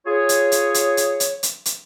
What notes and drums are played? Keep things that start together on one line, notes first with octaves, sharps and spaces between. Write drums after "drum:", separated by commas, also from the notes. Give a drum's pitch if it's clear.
F4 G#4 C#5
drum: hi-hat
drum: hi-hat
drum: hi-hat
drum: hi-hat
drum: hi-hat
drum: hi-hat
drum: hi-hat